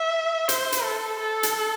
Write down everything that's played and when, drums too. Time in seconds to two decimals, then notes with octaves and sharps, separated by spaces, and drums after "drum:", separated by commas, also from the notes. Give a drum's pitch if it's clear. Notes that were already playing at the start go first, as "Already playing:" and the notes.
Already playing: E5
0.49 C5, drum: hi-hat
0.72 drum: hi-hat
0.84 A4
1.19 A4
1.43 drum: hi-hat